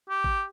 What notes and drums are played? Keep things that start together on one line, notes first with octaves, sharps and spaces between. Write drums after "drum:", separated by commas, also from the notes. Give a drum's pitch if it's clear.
G4
drum: kick A1